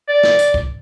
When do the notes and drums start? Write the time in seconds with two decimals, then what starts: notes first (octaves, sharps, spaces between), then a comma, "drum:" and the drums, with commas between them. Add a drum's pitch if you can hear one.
0.09 D5
0.23 drum: snare
0.39 drum: hi-hat
0.54 drum: kick